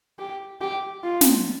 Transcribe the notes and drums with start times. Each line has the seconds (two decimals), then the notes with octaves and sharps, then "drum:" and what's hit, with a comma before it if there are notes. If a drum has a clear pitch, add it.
0.19 G4
0.61 G4
1.03 F4
1.21 drum: snare